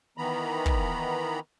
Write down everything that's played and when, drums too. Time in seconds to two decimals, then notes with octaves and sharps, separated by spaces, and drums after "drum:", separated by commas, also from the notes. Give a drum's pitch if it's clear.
0.18 D#3 E3 B3 A#5 B5
0.66 drum: kick